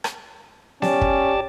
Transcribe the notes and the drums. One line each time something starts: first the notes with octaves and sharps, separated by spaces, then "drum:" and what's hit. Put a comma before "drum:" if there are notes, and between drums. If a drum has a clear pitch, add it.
drum: rim click
C#4 G4 D5 A5, drum: snare B3
drum: kick